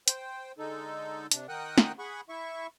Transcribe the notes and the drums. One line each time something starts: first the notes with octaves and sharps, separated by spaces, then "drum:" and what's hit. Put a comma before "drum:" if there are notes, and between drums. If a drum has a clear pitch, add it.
C5 G5, drum: hi-hat
D3 G#3 D#4 A4
C3 D4, drum: hi-hat
D#3 A#4 F#5 G5 D#6 F#6
drum: snare
G#4 F#5 B5 C#6
E4 E5 C#6